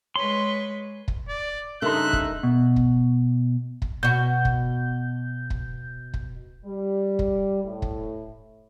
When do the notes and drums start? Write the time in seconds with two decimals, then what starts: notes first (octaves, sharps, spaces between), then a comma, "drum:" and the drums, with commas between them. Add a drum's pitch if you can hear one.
0.16 G#3 B4 C#5 C6
1.08 drum: kick
1.29 D5
1.82 G2 C#3 D#4 A4 A#4 E5 C6 F#6
2.13 drum: kick
2.43 B2
2.76 drum: kick
3.82 drum: kick
4.03 B2 F#4 G6
4.45 drum: kick
5.50 drum: kick
6.14 drum: kick
6.65 G3
7.19 drum: kick
7.64 A2
7.82 drum: kick